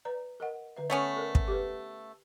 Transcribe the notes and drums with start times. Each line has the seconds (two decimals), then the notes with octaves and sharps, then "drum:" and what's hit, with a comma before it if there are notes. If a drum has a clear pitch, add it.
0.05 B4 D5 A#5
0.40 A#4 D#5 F#5
0.77 D3 B4 E5
0.90 A3 B3 C#4 C#5
1.16 A4 A#4 D5
1.35 drum: kick
1.48 G4 A4 B4